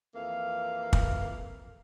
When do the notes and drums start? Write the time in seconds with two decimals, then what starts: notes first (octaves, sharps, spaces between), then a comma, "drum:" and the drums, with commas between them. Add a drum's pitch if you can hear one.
0.14 F2 E3 A#3 F5
0.93 drum: kick